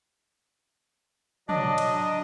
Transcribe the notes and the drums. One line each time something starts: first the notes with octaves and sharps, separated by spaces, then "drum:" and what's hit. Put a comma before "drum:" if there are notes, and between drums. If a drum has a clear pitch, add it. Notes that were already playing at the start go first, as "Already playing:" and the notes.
F#3 D4 D#5, drum: tom
drum: cymbal